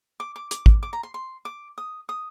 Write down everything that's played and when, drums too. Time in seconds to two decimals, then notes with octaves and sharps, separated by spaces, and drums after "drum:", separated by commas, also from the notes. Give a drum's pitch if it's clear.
0.20 D6
0.36 D6
0.51 D6, drum: hi-hat
0.66 drum: kick
0.83 D6
0.93 A#5
1.03 C6
1.14 C6
1.45 D6
1.78 D#6
2.09 D#6